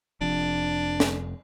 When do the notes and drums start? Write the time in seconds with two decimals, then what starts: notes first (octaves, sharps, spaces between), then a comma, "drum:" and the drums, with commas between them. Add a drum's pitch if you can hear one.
0.21 F1 F2 D4
1.00 drum: snare